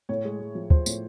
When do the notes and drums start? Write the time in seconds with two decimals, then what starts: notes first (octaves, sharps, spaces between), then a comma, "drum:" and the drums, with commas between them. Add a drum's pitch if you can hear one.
0.09 A2 C#5
0.25 G#3
0.40 G#3
0.55 F3
0.70 F3 C5, drum: kick
0.86 A2, drum: tambourine